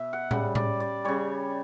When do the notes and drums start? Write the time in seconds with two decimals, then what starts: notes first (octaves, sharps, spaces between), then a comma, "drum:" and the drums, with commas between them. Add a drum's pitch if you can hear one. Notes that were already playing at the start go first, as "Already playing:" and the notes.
Already playing: B2 E5
0.13 F#5
0.31 C#3 G3 F#5, drum: tom A2
0.55 D5, drum: tom A2
0.80 D5
1.05 C#3 G3 C#5